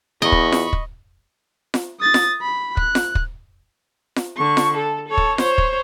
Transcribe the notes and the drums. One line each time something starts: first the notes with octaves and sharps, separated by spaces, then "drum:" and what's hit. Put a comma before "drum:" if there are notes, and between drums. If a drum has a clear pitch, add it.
E2 D#5 B5 C#6
drum: kick
drum: snare F4
drum: kick
drum: snare F4
D#6 A6
drum: snare F4
B5
F#6, drum: kick
drum: snare F4
drum: kick
drum: snare F4
D3 C#6
drum: snare F4
A4
A4 C#5
drum: kick
C5 C#5, drum: snare F4
drum: kick